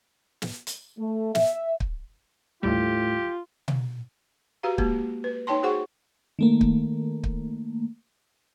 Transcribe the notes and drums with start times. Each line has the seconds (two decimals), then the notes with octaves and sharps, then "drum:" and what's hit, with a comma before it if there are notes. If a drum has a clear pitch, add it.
0.42 drum: snare
0.67 drum: hi-hat
0.98 A3
1.35 E5, drum: snare
1.80 drum: kick
2.63 A1 D#2 A2 G3 F4 G4
3.68 drum: tom B2
4.63 F#4 G4 B4 F5 A#5
4.78 G#3 A#3 G4, drum: kick
5.24 B4
5.47 D#4 C#5 G5 A5 C6
5.63 F#4 G#4 C5 F#5 C#6
6.39 D#3 A3 A#3
6.61 drum: kick
7.24 drum: kick